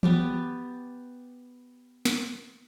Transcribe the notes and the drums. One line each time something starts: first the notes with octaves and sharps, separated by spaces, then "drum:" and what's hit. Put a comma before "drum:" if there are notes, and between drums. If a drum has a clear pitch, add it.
B3 G4 D5, drum: tom E3
drum: snare